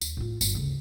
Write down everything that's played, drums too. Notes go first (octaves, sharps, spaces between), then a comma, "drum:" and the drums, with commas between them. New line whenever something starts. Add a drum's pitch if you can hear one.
D#2, drum: tambourine
A2 F4
G1, drum: tambourine
D2 C#3